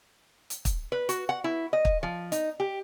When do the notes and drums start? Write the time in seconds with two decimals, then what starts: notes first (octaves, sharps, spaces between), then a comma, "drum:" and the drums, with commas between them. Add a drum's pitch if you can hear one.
0.50 drum: hi-hat
0.65 drum: kick, hi-hat
0.92 B4
1.09 F#4, drum: hi-hat
1.29 F#5
1.44 E4
1.73 D#5
1.85 drum: kick
2.03 F3
2.32 D#4, drum: hi-hat
2.60 G4